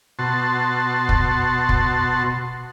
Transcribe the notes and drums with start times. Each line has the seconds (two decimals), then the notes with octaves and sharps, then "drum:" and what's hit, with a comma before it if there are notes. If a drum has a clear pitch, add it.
0.19 B2 F#4 A5 C6
1.09 drum: kick
1.69 drum: kick